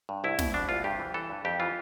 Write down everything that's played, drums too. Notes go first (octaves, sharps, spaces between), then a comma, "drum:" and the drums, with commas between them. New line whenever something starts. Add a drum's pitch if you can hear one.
G2
C2 E4
B2, drum: snare
B2 D4
C2 F4
G2 G4
E3
E3 A4
G2
F2 G4
E3 F4